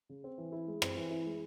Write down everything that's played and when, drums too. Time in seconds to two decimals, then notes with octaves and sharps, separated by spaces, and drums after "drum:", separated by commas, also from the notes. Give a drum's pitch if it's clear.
0.09 C#3
0.24 C4
0.38 E3
0.52 E4
0.67 G#3
0.82 C4, drum: rim click
0.97 E3
1.11 E4
1.26 G#3